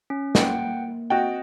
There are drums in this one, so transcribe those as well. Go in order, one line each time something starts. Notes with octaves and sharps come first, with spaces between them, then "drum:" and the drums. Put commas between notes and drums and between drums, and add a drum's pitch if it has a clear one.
C#4
A#3 F#5 G5, drum: snare
C4 F#4 D#5 G5